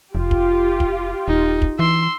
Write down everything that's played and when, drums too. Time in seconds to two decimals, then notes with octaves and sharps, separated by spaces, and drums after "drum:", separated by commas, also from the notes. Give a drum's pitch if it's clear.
0.15 F1 F4 G4
0.31 drum: kick
0.80 drum: kick
1.28 D#1 D#4
1.62 drum: kick
1.79 E3 C6 E6